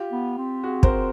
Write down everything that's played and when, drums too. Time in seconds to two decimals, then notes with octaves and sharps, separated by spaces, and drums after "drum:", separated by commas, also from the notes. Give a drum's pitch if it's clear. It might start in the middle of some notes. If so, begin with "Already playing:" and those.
Already playing: F4 G4
0.12 B3
0.38 C4
0.64 F#4 G#4
0.83 A#4 C5, drum: kick